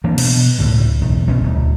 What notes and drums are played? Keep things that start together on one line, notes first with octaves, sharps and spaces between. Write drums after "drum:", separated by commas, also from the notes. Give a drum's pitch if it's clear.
E3 A#3 C4 D4
B2, drum: cymbal
C#2 A2 D3
B1 E2
F1 C2 B2 C#4
D1